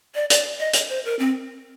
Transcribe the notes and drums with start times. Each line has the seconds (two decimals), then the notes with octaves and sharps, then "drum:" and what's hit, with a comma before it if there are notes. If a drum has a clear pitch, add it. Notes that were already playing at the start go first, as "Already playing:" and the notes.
0.15 D5
0.30 D5, drum: hi-hat
0.60 D#5
0.73 drum: hi-hat
0.89 C5
1.05 A#4
1.19 C4